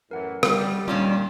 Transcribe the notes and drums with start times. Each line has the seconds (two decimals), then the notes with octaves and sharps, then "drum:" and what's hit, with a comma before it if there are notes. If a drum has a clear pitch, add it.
0.11 F#2 A2 E3 A#4 F#5
0.43 G3, drum: rim click
0.88 A#2 D#3 G3 C#4 D4 F4